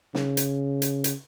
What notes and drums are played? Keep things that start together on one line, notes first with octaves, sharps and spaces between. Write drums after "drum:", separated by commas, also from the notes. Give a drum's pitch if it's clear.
C#3, drum: snare
drum: hi-hat
drum: hi-hat
drum: hi-hat